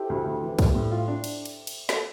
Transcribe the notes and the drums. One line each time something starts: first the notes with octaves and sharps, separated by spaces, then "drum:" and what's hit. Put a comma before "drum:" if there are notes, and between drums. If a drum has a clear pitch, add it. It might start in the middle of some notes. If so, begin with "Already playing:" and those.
Already playing: E4 G4 A4 C5
D2
D2
E3
G3, drum: kick, cymbal
A2
F4
D4
drum: cymbal
drum: cymbal
drum: cymbal
drum: snare